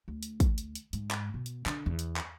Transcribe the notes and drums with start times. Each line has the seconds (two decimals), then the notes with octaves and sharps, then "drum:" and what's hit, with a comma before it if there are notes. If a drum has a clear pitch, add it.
0.08 D2
0.23 drum: hi-hat
0.40 drum: kick, hi-hat
0.58 drum: hi-hat
0.75 drum: hi-hat
0.93 G#2, drum: hi-hat
1.11 drum: clap
1.34 B2
1.46 drum: hi-hat
1.66 D3, drum: clap
1.86 E2
1.99 drum: hi-hat
2.16 drum: clap